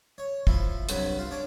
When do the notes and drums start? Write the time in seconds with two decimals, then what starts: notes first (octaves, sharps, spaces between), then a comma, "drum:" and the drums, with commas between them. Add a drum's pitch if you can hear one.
0.18 C#5
0.47 F3 E4, drum: kick
0.89 C2 G2 F#3 B4 G5, drum: hi-hat
1.19 F4
1.31 D4 C#5 D6